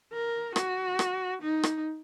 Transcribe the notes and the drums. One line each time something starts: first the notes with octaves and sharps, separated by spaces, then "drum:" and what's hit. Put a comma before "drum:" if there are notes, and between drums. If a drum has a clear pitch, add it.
A#4
F#4, drum: rim click
drum: rim click
D#4
drum: rim click